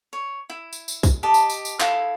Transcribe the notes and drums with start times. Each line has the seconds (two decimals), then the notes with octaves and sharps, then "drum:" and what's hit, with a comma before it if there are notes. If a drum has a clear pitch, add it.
0.13 C#5
0.50 E4
0.73 drum: tambourine
0.88 drum: tambourine
1.03 drum: kick, tambourine
1.23 G4 D#5 A5
1.34 drum: tambourine
1.50 drum: tambourine
1.65 drum: tambourine
1.80 E4 A4 F5 D#6, drum: clap